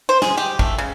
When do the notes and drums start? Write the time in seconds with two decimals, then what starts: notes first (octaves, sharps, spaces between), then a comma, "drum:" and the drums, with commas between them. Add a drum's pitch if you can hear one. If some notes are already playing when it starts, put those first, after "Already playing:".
0.09 C5
0.22 G#4, drum: snare
0.37 G4
0.59 A3, drum: kick
0.78 C#3